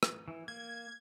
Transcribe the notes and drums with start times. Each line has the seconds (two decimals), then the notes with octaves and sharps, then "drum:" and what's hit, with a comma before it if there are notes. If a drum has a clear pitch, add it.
0.03 drum: rim click
0.28 E3
0.48 A#3 G#6